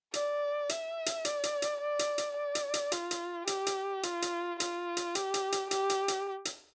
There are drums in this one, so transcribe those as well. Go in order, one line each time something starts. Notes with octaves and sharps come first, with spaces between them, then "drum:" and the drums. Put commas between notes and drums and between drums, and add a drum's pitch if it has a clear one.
D5, drum: hi-hat
E5, drum: hi-hat
drum: hi-hat
D5, drum: hi-hat
drum: hi-hat
drum: hi-hat
D5
drum: hi-hat
drum: hi-hat
D5
drum: hi-hat
drum: hi-hat
F4, drum: hi-hat
drum: hi-hat
G4, drum: hi-hat
drum: hi-hat
F4, drum: hi-hat
drum: hi-hat
F4, drum: hi-hat
drum: hi-hat
G4, drum: hi-hat
drum: hi-hat
drum: hi-hat
G4, drum: hi-hat
drum: hi-hat
drum: hi-hat
drum: hi-hat